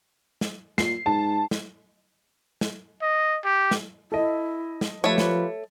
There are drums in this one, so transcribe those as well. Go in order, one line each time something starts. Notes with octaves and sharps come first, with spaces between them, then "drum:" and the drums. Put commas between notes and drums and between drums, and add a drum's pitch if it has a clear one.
drum: snare
A#2 C7, drum: snare
G#2 A5
drum: snare
drum: snare
D#5
G4
drum: snare
E4 A4 D#5
drum: snare
F3 A3 F4 G4 B4 C#5
drum: snare